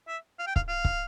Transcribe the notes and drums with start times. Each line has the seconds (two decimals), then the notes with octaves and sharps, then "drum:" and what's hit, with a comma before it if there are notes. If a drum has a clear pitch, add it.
0.08 E5
0.39 F5
0.47 G5
0.56 F5, drum: kick C#1
0.69 F5
0.85 drum: kick C#1